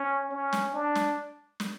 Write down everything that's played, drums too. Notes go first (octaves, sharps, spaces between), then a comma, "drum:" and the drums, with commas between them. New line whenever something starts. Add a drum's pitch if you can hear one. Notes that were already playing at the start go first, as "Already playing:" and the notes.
Already playing: C#4
C#4
drum: snare
D4
drum: snare
drum: snare